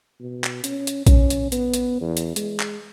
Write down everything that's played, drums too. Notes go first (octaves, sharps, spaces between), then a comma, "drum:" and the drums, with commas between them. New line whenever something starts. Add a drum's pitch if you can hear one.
B2
drum: clap
C#4, drum: hi-hat
drum: hi-hat
C#4, drum: kick A#1, hi-hat
drum: hi-hat
B3, drum: hi-hat
drum: hi-hat
E2
drum: hi-hat
G#3, drum: hi-hat
drum: clap